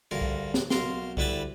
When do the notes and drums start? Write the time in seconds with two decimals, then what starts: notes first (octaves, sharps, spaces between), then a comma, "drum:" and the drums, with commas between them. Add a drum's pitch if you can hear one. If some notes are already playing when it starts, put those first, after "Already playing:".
0.11 D2 G2 F4 A#4
0.22 drum: kick C2
0.54 drum: snare
0.70 B1 F4 A#4 C6, drum: snare
1.17 D2 G3 E4 B4 E5 A5, drum: kick C2